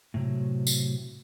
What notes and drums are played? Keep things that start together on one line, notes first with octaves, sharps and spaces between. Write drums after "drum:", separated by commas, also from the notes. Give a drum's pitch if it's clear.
A2 C3 F#3
drum: tambourine